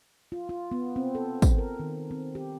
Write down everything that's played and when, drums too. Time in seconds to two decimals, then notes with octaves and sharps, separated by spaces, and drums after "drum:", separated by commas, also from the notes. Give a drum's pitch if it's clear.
0.32 F4
0.49 F4
0.71 B3
0.96 C4
1.15 A4
1.42 drum: kick, tambourine
1.58 A#4
1.80 D#3
2.11 C4
2.35 G4